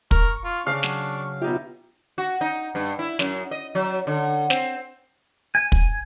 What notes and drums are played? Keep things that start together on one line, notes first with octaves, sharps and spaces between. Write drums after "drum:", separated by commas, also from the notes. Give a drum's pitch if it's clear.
A#4 C#6, drum: kick
F4
C#3 D4 F5
F#3, drum: snare
B2 D#4 F4 G4 E5
F#4
D#4
G2
E4
F#2, drum: snare
D#5
F#3
D3
C4, drum: snare
G#5
drum: kick